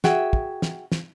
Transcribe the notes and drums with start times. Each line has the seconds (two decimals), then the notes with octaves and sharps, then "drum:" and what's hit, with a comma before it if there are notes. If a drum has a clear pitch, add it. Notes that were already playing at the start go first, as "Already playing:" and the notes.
0.04 F#4 G#4 E5 G5, drum: snare
0.33 drum: kick
0.62 drum: snare
0.92 drum: snare